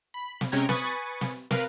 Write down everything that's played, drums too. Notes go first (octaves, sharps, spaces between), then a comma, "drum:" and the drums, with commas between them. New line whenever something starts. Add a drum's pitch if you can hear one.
B5
drum: snare
C3 G#3 C#4 G5 A#5 G#6
B4 G#5 B5 C#6 D#6 A6, drum: snare
drum: snare
A#4 B4 F5, drum: snare